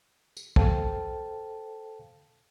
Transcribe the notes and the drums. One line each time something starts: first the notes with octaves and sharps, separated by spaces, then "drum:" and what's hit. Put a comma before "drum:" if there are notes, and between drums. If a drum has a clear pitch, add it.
drum: tambourine
A4 C5 F5 G5 A5, drum: kick